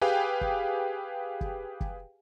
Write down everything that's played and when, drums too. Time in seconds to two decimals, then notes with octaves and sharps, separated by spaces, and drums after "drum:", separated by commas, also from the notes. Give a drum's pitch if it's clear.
0.01 G4 G#4 B4 F5 G5 G#5
0.41 drum: kick
1.41 drum: kick
1.81 drum: kick